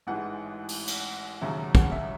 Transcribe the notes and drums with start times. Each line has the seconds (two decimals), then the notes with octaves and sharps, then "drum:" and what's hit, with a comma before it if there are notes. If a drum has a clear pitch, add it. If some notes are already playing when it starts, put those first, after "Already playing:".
0.07 A1 G#2 E3 F#5
0.69 drum: open hi-hat
0.88 drum: cymbal
1.41 E1 D#2 C#3 F#3 E5
1.75 F#5, drum: kick
1.92 E5